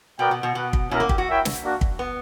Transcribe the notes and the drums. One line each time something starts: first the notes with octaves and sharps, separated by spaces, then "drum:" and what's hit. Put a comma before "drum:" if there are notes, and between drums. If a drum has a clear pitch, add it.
B2 B3 F#4 A#4 D5 G5
B2
B2
B2 F#4 B4 F#5
drum: kick
B2 C#4 E4 A#4
A#3
G4, drum: kick
F#4
E4 A#4 C#5 E5 G5
drum: snare
A#3 D4 F#4
drum: kick
B3